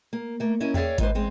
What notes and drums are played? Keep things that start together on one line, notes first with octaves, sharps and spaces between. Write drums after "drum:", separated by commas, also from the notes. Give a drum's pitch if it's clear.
A#3
A3 A#3
C#4 E4 A#4 D#5
G#4 C#5 D5 E5 F5 G5, drum: tom E2
D#2 G#2 B4 C5, drum: kick G#1, hi-hat
E2 G#3 C4